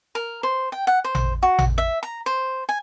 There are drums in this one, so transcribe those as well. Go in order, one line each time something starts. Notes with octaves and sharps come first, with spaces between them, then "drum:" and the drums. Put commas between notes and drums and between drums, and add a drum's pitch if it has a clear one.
A#4
C5
G5
F#5
C5
drum: tom A1
F#4
drum: tom A1
E5
A#5
C5
G#5